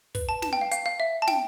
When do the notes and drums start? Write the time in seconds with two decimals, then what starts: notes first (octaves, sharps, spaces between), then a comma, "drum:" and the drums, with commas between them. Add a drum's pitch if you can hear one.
0.15 B4, drum: kick, open hi-hat
0.29 A5
0.42 A5, drum: snare
0.53 G5
0.61 F5
0.71 F5, drum: hi-hat
0.86 F5
1.00 E5
1.22 A5
1.28 G5, drum: snare